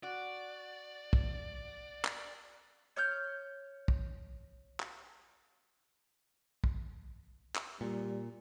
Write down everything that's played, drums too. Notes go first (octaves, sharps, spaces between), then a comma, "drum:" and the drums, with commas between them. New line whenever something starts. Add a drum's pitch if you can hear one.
F#4 D5
drum: kick
drum: clap
C#5 F6 G6
drum: kick
drum: clap
drum: kick
drum: clap
A#2 G3